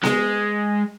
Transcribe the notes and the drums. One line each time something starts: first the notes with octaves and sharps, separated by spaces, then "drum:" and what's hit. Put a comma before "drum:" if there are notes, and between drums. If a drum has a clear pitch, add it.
G#3, drum: snare B3